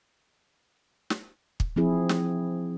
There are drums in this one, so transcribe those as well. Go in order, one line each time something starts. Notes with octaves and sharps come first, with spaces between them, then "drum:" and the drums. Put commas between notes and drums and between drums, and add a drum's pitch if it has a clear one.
drum: snare
drum: kick
F3 C4 E4 G#4
drum: snare